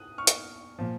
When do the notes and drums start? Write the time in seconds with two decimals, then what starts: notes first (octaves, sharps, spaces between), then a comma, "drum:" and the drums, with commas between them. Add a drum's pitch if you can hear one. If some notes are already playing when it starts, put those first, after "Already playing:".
Already playing: D#6 F#6
0.18 C#6 F6
0.27 drum: hi-hat
0.79 A#2 F3